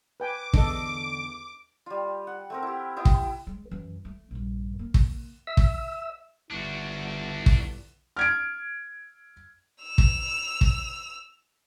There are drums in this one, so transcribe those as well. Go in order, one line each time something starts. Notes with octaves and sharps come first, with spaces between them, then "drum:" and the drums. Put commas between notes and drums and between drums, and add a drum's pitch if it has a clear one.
B4 G5 G#5 D6
E2 D3 D4 A4 D#5, drum: kick
G3 F4
F#5
A3 C4 A#4
E4 G4
B3 E4 D#5 G5
drum: kick
G#3
F#2 E3
A3
A#1 G2
A#3
drum: kick
E5 E6
drum: kick
G1 D3 D4 E4 F#4
drum: kick
F6 G#6 D7
E6 F7
drum: kick
drum: kick